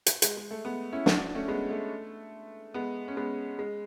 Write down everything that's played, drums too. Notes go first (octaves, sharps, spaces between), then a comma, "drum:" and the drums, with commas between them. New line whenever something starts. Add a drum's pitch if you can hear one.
drum: hi-hat
G#3, drum: hi-hat
G#3
A3
G#3 B3
C#4 E4
D4 F#4, drum: snare
A3 C#4
G#3 B3
A3
G#3 B3
C#4
G#3 B3
G#3